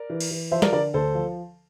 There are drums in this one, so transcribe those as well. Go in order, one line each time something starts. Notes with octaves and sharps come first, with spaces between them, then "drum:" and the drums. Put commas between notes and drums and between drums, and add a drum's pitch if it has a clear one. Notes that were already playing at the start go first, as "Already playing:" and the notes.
Already playing: A#4 D5
E3
drum: cymbal
E3
F3 C5 E5
A#4 D5, drum: snare
D3 A#4 D5
D2 A4 C5
F3